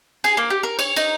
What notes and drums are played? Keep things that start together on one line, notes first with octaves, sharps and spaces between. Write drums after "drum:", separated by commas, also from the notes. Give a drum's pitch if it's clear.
G#4, drum: cymbal
A#3
G4
A#4
C#5, drum: cymbal
D#4, drum: cymbal